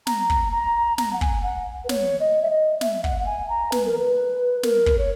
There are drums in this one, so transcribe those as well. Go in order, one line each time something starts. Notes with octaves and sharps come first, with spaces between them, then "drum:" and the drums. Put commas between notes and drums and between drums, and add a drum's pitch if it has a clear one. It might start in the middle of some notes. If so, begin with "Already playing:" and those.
A#5, drum: snare
drum: kick
A#5
A#5, drum: snare
F#5
G#5, drum: kick
F#5
B4
C#5, drum: snare
D#5
E5
D#5
E5, drum: snare
F#5, drum: kick
F#5
G#5
A#5
B4, drum: snare
A#4
B4
A#4, drum: snare
drum: kick
C#5